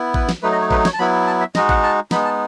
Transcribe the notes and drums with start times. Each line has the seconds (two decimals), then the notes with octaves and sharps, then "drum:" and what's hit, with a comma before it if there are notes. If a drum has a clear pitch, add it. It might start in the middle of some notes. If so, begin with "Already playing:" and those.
Already playing: B3 E4
0.14 B4, drum: kick A1
0.29 drum: snare
0.42 F#3 A3 D#4 B4
0.52 D#5
0.62 C#5
0.71 B4, drum: kick A1
0.85 C#5, drum: snare
0.93 A5
0.99 F#3 B3 E4 B5
1.27 A5
1.41 E5
1.55 G#3 D#4 F#4 D#5, drum: snare
1.69 F#5, drum: kick A1
1.83 A5
2.11 G#3 B3 D#4 B5, drum: snare
2.25 A5